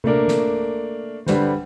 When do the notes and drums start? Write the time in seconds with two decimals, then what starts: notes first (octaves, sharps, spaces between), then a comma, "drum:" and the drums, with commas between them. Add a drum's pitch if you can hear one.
0.04 A3 A#3 D4 A#4, drum: tom C3
0.28 drum: snare
1.26 D3 G3 B4 C5, drum: snare